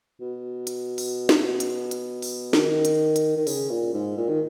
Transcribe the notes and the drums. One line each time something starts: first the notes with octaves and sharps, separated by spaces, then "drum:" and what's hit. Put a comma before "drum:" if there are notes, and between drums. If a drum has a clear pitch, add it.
B2
drum: hi-hat
drum: open hi-hat
drum: snare
drum: hi-hat
drum: hi-hat
drum: open hi-hat
D#3, drum: snare
drum: hi-hat
drum: hi-hat
D#3
C#3, drum: open hi-hat
A#2
G#2
A#2
D#3